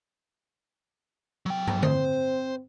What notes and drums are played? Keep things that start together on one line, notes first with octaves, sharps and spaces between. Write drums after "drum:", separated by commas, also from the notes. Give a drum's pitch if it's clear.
F#3 G5
drum: tom
C4 C5, drum: tom D3